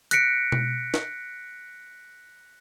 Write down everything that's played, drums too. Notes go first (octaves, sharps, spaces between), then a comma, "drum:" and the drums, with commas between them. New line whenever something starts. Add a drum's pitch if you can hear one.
F#6 A#6 B6 C#7 D7, drum: hi-hat
drum: tom B2
drum: snare